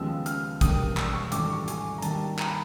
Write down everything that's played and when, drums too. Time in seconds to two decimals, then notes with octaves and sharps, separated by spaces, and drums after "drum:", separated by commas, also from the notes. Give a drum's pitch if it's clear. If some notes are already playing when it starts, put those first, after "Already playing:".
Already playing: D#2 C#3 F3 G#3 B3 E6
0.26 F6, drum: hi-hat
0.61 E1 D#2 D3 G3 A#3 D#6, drum: kick, hi-hat
0.97 E6, drum: clap
1.14 C#6
1.32 G#1 G2 E3 A3 D4 D6, drum: hi-hat
1.50 C#6
1.68 G#5, drum: hi-hat
1.98 A#5
2.02 D#2 D#3 G3 A#3 D4 A5, drum: hi-hat
2.39 A#5, drum: clap
2.46 B5